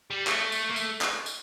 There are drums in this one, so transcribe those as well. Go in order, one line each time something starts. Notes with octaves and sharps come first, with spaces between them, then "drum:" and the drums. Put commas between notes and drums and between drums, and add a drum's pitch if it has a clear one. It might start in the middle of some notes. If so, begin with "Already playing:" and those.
G3
A3, drum: clap
drum: tambourine
A#3
A3, drum: tambourine
drum: clap
drum: tambourine